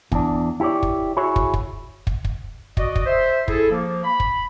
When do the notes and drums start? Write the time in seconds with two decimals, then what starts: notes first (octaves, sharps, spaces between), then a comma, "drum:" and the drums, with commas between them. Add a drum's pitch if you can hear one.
0.12 E2 D4, drum: kick
0.60 E4 G4 A4 C#5 D5
0.83 drum: kick
1.17 E4 F#4 G#4 C#5
1.36 drum: kick
1.54 drum: kick
2.07 drum: kick
2.25 drum: kick
2.77 F#4 D5 D#5, drum: kick
2.95 drum: kick
3.06 C5 E5
3.48 E4 G#4 A4, drum: kick
3.70 F3 A#3
4.04 B5
4.20 drum: kick